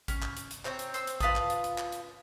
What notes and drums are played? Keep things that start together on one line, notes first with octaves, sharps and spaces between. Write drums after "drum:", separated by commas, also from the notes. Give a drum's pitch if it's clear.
C#4, drum: kick A1, hi-hat
drum: clap
drum: hi-hat
drum: hi-hat
C4 C#5 A#5, drum: clap
drum: hi-hat
C5 E6, drum: hi-hat
drum: hi-hat
F4 B4 A5 D#6, drum: kick A1, hi-hat
drum: clap
drum: hi-hat
drum: hi-hat
drum: clap
drum: hi-hat